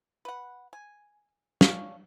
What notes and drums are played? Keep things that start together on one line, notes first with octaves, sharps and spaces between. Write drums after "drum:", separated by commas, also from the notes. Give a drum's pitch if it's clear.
B4 F#5
G#5
C#4 D4 F5 C#6, drum: snare